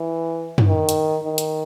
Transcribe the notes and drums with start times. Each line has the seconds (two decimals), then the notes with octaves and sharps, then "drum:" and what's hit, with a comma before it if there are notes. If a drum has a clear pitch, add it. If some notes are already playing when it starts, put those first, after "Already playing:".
Already playing: E3
0.58 drum: tom
0.68 D#3
0.89 drum: hi-hat
1.24 D#3
1.38 drum: hi-hat